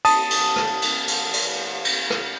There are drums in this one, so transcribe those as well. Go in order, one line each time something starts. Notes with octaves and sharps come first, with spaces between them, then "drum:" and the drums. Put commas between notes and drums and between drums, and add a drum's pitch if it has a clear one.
A5 D#6, drum: cymbal
drum: cymbal
drum: rim click
drum: cymbal
drum: cymbal
drum: cymbal
drum: cymbal
drum: rim click